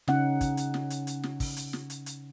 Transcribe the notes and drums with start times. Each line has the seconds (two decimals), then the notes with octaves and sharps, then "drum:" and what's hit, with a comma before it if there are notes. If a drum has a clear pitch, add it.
0.08 C#3 C#4 D#4 F#5, drum: snare
0.41 drum: kick, hi-hat
0.57 drum: hi-hat
0.74 drum: snare
0.90 drum: hi-hat
1.07 drum: hi-hat
1.23 drum: snare
1.40 drum: kick, open hi-hat
1.57 drum: hi-hat
1.73 drum: snare
1.90 drum: hi-hat
2.06 drum: hi-hat